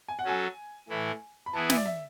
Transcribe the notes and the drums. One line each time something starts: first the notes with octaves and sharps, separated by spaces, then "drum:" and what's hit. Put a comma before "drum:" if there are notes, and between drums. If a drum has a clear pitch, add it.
G#5
F#5
F#3 C#4 F#4 A4 G#5
A2 E3 A3 E4
B5
E3 B3 E4 G#4 A5
E5, drum: snare
D5
E5